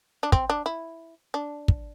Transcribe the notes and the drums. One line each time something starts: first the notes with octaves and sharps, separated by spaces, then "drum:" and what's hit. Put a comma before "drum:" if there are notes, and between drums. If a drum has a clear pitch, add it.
D4
C4, drum: kick
D4
E4
D4
drum: kick